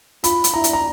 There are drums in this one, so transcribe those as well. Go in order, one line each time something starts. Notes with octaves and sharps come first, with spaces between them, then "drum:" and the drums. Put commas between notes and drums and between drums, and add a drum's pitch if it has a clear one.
F4 B5, drum: hi-hat
drum: hi-hat
E4 A#5
drum: hi-hat
A#5